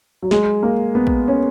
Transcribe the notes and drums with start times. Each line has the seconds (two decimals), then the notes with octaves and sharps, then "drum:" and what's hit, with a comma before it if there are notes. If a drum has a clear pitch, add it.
0.22 F#3
0.31 G#3, drum: snare
0.63 A#3
0.95 B3
1.07 drum: kick
1.28 C#4